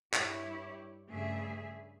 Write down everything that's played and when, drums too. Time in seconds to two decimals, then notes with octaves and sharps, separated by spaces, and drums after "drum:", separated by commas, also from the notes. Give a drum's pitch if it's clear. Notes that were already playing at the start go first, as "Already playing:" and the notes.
0.14 G2 E4 G4 C#5, drum: clap
1.08 G2 C#3 G3 A3 G#4 E5